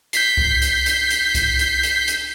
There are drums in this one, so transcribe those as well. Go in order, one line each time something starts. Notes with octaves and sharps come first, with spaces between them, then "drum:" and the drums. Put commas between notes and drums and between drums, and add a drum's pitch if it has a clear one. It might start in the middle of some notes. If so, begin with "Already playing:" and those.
G6 B6 C7, drum: hi-hat
drum: kick C2
drum: hi-hat
drum: hi-hat
drum: hi-hat
drum: kick C2, hi-hat
drum: hi-hat
drum: hi-hat
drum: hi-hat